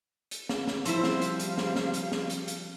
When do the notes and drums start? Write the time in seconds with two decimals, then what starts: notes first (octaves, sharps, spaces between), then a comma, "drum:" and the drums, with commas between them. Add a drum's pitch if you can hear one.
0.31 drum: hi-hat
0.49 drum: snare
0.67 drum: snare
0.85 F3 G3 C4 E4 C5 F5, drum: hi-hat
1.04 drum: snare
1.22 drum: hi-hat
1.40 drum: hi-hat
1.58 drum: snare
1.76 drum: snare
1.94 drum: hi-hat
2.12 drum: snare
2.30 drum: hi-hat
2.48 drum: hi-hat